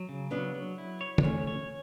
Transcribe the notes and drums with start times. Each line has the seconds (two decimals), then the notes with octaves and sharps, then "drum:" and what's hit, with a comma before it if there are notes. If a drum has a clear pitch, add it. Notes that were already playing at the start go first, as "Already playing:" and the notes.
Already playing: F#3
0.09 C#3
0.31 F#3 B3 D4
0.55 F#3
0.78 E4
1.01 C#5
1.18 D4, drum: tom
1.23 A3 C#4 C#5
1.47 C#5